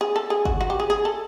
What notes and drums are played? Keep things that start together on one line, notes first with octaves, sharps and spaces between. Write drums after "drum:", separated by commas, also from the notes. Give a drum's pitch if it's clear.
G#4
A4
G#4
F#4, drum: kick G1
F#4
G4
G#4
G#4
A4